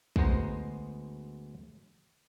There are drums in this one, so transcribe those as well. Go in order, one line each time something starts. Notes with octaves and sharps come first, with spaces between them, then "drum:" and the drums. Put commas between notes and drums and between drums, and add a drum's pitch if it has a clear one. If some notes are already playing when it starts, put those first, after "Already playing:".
D2 G#3 B3 C5 A#5, drum: kick